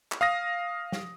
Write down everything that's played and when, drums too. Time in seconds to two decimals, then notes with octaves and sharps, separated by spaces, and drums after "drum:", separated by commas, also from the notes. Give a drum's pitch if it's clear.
0.12 drum: clap
0.21 F5 D#6 A#6
0.92 drum: snare